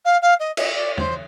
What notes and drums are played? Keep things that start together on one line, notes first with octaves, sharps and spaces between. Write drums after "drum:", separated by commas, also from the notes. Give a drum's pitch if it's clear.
F5
F5
D#5
D#5, drum: cymbal
D5
C5, drum: tom E2